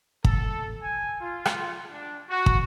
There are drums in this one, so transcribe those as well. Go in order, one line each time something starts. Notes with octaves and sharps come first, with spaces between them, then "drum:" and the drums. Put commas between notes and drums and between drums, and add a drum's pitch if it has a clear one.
A4, drum: kick
G#5
F4
drum: rim click
D4
F#4
drum: kick